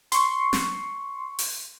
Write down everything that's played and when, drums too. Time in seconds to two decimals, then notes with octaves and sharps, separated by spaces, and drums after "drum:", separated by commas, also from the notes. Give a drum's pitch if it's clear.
0.12 C6 C#6, drum: hi-hat
0.53 drum: snare
1.39 drum: open hi-hat